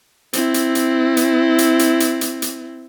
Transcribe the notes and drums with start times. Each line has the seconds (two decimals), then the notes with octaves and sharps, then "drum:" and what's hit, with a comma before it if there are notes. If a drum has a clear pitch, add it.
0.33 C4 E4, drum: hi-hat
0.54 drum: hi-hat
0.75 drum: hi-hat
1.17 drum: hi-hat
1.58 drum: hi-hat
1.79 drum: hi-hat
2.00 drum: hi-hat
2.21 drum: hi-hat
2.42 drum: hi-hat